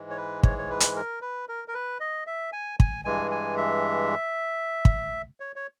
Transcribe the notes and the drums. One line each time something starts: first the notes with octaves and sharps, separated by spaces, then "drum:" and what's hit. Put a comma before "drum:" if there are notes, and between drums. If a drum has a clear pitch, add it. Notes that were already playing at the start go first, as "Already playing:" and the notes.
Already playing: G#2 E3 G#3
C#5
B4
C#5, drum: kick
C#5
B4
drum: hi-hat
A#4
B4
A#4
A#4
B4
D#5
E5
G#5
G#5, drum: kick
G2 E3 G#3 G#5
G#5
E5
drum: kick
C#5
C#5